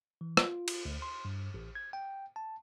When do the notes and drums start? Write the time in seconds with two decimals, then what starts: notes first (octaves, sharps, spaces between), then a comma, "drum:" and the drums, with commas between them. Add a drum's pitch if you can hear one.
0.21 E3
0.37 F4, drum: rim click
0.68 drum: cymbal
0.85 D2
1.02 C6
1.25 G2
1.54 A1
1.75 G#6
1.93 G5
2.36 A5